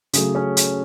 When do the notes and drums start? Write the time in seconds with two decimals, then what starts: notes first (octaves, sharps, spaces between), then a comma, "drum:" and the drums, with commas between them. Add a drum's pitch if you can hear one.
0.13 C#3 F#3 A3 G#4, drum: hi-hat
0.35 C#4 C#5
0.57 drum: hi-hat